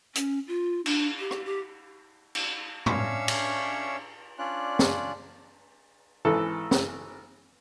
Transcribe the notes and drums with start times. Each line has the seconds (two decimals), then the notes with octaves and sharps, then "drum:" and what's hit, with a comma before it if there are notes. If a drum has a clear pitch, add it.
0.15 C#4, drum: hi-hat
0.48 F4
0.86 D4, drum: cymbal
1.19 G4
1.31 drum: rim click
1.45 G4
2.35 drum: cymbal
2.86 C#4 D4 C#5 E5 F5 E6, drum: tom
3.28 drum: cymbal
4.39 C#4 D4 F4 D5 F#6
4.79 drum: snare
6.25 G#1 E3 A4
6.71 drum: snare